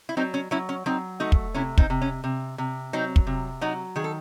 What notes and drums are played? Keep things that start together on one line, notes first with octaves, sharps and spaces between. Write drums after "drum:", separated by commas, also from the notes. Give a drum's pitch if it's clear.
E4
F#3 C4 D#4
C#4
F#3 C#4 E4
C#4
F#3 C4 D#4
A3 D#4 F#4
drum: kick
C3 C#4 E4
C4 D#4, drum: kick
C3
C#4
C3
C3
F#3 C4 D#4
drum: kick
C3
F#3 D#4 F#4
D#3 G#4
A4